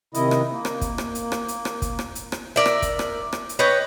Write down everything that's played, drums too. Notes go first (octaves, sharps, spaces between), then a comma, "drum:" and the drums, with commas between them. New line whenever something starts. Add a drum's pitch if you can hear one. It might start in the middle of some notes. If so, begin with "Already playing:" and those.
C3 D#3 E4 D#5, drum: hi-hat
drum: rim click
A#3
drum: rim click
drum: kick, hi-hat
drum: rim click
drum: hi-hat
drum: rim click
drum: hi-hat
drum: rim click
drum: kick, hi-hat
drum: rim click
drum: hi-hat
drum: rim click
A#4 D5 E5
drum: rim click
drum: kick, hi-hat
drum: rim click
drum: rim click
drum: hi-hat
B4 C#5 D#5 G5